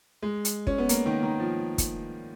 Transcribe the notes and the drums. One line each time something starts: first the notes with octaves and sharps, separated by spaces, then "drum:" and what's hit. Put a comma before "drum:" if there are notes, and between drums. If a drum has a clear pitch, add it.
G#3
drum: hi-hat
C#4, drum: kick
B3
A#3, drum: hi-hat
D#3
D#3
F3
drum: kick, hi-hat